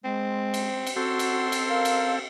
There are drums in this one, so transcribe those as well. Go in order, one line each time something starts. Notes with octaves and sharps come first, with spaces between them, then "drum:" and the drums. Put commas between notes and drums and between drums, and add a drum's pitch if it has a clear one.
G#3 C4
drum: cymbal
drum: cymbal
C4 F#4 A4 F#5 C6
drum: cymbal
drum: cymbal
A#4 F5
drum: cymbal